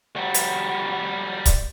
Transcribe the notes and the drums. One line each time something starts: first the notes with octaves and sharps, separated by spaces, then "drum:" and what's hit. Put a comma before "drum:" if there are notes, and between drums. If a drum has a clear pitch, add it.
G3 F#4
drum: hi-hat
drum: kick C#1, hi-hat